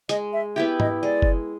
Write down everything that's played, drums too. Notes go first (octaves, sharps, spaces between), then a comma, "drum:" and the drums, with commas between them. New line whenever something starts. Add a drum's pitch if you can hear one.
G#3 D#5, drum: hi-hat
E5
B3 E4 G4 E5
D#5, drum: tom
G#3 D5
drum: kick F#1